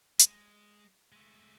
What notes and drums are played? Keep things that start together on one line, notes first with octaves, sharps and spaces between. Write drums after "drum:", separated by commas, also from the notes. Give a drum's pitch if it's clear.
G#3, drum: hi-hat
G#3 A3